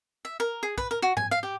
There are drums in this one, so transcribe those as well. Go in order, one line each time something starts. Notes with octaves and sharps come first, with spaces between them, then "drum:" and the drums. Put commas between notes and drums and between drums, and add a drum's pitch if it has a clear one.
E5
A#4
G#4
B4, drum: kick
A#4
F#4
G#5, drum: tom G#2
F5
G4